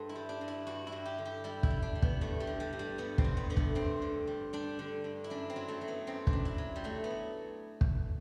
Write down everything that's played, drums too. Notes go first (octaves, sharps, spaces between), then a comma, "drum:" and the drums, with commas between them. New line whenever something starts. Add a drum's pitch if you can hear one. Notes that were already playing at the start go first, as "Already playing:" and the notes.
Already playing: G2 A4 C5
E4
G3
D4
G2
E4
G2 F#4
E4
G2
G4
D3
G4
G3 E4
E4, drum: kick
G3
D4
G3
B3, drum: kick
G2 A3
G3
D3
G3
G2
G3
G2 B3
C4, drum: kick
G2
B3
D3 B3
A3, drum: kick
G2 C4
D3
G3
G3 D4
D3
G2
E4
F#2 D4
C4
F#3
A3
F#3
B3
F#2 C4
D4, drum: kick
F#2
E4
F#3
G3
F#3 A3
B3
F#3
drum: kick